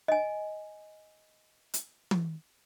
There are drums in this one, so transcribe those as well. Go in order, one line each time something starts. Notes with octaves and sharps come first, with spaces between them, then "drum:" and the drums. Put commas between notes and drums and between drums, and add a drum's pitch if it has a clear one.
D#5 G#5
drum: hi-hat
drum: tom